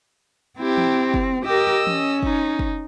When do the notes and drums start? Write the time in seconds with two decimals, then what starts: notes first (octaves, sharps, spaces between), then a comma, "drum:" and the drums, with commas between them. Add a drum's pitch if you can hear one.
0.59 C4 E4 G4
0.78 drum: tom E3
1.14 drum: kick
1.46 G4 A#4 D#5 E6
1.87 C#4, drum: tom E3
2.23 D#4, drum: kick
2.59 drum: kick